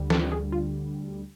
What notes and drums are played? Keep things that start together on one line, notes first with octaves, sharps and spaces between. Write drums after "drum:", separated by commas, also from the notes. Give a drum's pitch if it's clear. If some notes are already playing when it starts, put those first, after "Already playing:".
Already playing: D2 D3 G3
A4, drum: snare
G#4
F4